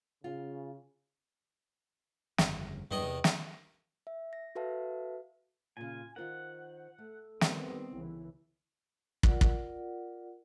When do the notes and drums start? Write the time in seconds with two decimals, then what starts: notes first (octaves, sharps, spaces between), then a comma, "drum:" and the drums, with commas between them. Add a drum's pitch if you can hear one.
0.24 C#3 F4
2.38 G1 F2 C#3, drum: snare
2.91 E2 G2 D#3 F#3 D#5
3.02 C3
3.24 drum: snare
4.07 E5
4.33 A#6
4.55 F#4 A4 B4 E5 F5 A5
5.77 A#2 C#3 F4 G#5
6.16 D#3 F4 A#4 C5 F#5
6.98 A3 A4
7.41 D#3 G3 B3 C4, drum: snare
7.90 C2 C#3 E3 E4
9.23 F4 A#4 D5 F#5, drum: kick
9.41 drum: kick